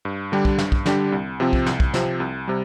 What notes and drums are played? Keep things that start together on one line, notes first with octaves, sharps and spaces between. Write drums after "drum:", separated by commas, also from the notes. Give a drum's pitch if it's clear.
G2
D3 G3 D4 G4
drum: kick
G2, drum: snare
drum: kick
D3 G3 D4 G4, drum: snare
C2
C3 F3 C4
drum: kick
C2, drum: snare
drum: kick
C3 F3 C4, drum: snare
C2
C3 G3